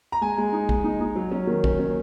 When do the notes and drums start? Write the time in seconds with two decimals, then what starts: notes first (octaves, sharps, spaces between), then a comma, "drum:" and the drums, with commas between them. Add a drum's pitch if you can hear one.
0.12 A#5
0.21 G#3 G#5
0.38 G#3
0.53 D#4
0.69 G#3, drum: kick
0.84 D#4
1.00 D#4
1.16 F#3
1.31 C#4
1.47 D#3
1.64 C#4, drum: kick
1.79 C#4